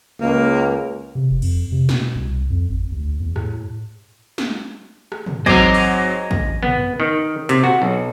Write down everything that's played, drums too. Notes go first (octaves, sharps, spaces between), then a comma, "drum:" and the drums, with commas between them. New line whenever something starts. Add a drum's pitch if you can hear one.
C#2 A#3
C3
F1
F2, drum: cymbal
C3
B2, drum: snare
C2
F2
G#1
D2
E2
A2, drum: rim click
drum: snare
drum: rim click
drum: tom
G#2 F#3 C4 C5 D#5 G#5 A#5 D6, drum: kick
drum: cymbal
drum: kick
B3, drum: tom
D#3
C3, drum: hi-hat
F#4, drum: rim click
B1